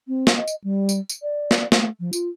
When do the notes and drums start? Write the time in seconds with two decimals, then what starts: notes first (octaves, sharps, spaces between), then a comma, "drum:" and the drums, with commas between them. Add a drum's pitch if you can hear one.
0.08 C4
0.27 drum: snare
0.36 D#5
0.48 drum: tambourine
0.64 G3
0.89 drum: tambourine
1.09 drum: tambourine
1.22 D5
1.51 drum: snare
1.72 A3, drum: snare
2.00 F3
2.13 F4, drum: tambourine